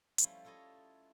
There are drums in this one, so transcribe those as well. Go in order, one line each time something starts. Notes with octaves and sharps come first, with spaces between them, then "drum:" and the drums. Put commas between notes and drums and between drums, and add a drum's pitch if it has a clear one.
F3 G3 A3 C#4 E4 F4, drum: hi-hat
E4 F4 A4 C#5 D#5